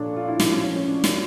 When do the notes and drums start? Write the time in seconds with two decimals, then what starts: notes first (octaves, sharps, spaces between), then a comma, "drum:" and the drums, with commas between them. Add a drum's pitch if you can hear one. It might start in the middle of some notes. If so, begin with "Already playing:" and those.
Already playing: A#2 F3 D4 A4 C#5
0.16 F4
0.28 E4
0.40 A2 F3 E4, drum: snare
0.52 C#4
0.63 C#4
0.76 C#4
0.88 D4
1.04 C#4, drum: snare